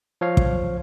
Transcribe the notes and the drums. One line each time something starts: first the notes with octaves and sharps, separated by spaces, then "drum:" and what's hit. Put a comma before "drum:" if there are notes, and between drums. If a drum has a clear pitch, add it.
F3 C#5 F5
drum: kick